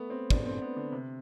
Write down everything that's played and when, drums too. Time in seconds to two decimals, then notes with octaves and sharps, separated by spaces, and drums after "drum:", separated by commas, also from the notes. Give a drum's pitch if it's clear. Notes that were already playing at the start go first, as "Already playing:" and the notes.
Already playing: A3 B3
0.10 C4
0.30 D4, drum: kick
0.46 C4
0.62 B3
0.76 D3
0.92 C3